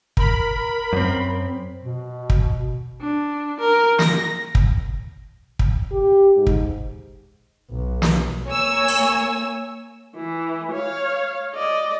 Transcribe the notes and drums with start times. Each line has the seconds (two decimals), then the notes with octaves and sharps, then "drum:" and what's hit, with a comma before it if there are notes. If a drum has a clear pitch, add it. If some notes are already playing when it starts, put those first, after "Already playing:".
0.17 A#4 B5, drum: kick
0.93 F#2 C4
1.82 B2
2.30 drum: kick
3.01 D4
3.60 A#4
3.99 A#6, drum: snare
4.55 drum: kick
5.59 drum: kick
5.91 G4
6.36 G#2
6.47 drum: kick
7.71 B1
8.02 drum: snare
8.48 A#3 C#5 G#5 E6
8.88 drum: open hi-hat
10.16 E3
10.72 C#5 F5
11.53 D5 D#5